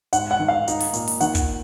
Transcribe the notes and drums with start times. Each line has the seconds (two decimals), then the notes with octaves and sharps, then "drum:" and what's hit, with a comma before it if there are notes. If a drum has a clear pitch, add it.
0.13 G#2 F#5, drum: hi-hat
0.31 F#5
0.39 D#3
0.48 F5
0.68 D#4, drum: hi-hat
0.80 drum: open hi-hat
0.93 A#2, drum: hi-hat
1.08 drum: open hi-hat
1.21 D#3 F#5, drum: hi-hat
1.35 drum: kick, hi-hat